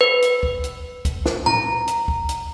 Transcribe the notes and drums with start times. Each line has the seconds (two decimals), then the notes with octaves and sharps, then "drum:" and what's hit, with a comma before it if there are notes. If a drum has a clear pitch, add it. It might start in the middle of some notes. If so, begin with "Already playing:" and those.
0.01 B4
0.22 drum: hi-hat
0.43 drum: kick
0.64 drum: hi-hat
1.05 drum: kick, hi-hat
1.26 drum: snare
1.46 A#5, drum: tom A2
1.87 drum: hi-hat
2.08 drum: kick
2.29 drum: hi-hat